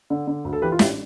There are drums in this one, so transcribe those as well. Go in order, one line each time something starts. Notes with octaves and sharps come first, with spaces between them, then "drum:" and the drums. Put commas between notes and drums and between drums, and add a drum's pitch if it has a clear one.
D3
D3
D2
A4
E3 G4 B4
F4
A1 E4 G4, drum: snare